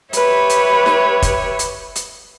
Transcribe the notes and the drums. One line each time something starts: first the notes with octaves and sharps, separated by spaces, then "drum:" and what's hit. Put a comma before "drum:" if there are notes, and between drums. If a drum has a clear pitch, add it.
G4 B4 C#5 E5, drum: hi-hat
drum: hi-hat
drum: snare
drum: kick, hi-hat
drum: hi-hat
drum: hi-hat